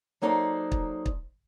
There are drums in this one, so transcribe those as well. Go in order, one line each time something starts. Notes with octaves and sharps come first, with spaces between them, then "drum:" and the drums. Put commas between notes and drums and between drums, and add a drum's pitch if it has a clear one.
F#3 A#3 D#4 A4 C5 D5
drum: kick
drum: kick